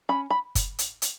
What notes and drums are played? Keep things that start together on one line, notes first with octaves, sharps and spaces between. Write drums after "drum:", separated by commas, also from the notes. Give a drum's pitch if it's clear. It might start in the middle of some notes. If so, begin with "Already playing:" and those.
C#4 B5
B5
drum: kick, hi-hat
drum: hi-hat
drum: hi-hat